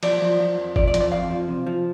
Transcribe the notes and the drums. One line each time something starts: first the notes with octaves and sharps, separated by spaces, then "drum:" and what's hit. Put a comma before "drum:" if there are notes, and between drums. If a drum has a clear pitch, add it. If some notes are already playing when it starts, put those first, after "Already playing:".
F3 D5, drum: cymbal
F3
F3
F2
F2 D5, drum: kick G1
D5
F3, drum: hi-hat
D5
F2 F5
F3
C3
F3